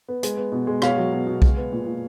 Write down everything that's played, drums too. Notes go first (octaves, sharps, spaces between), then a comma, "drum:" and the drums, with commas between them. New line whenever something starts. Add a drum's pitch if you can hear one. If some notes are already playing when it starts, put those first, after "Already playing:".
B3
G#3, drum: hi-hat
B3
B2
G#3
B2 C#5 F5, drum: rim click
F#3
B2
B2
G#3, drum: kick B1
B3
A#2
A#2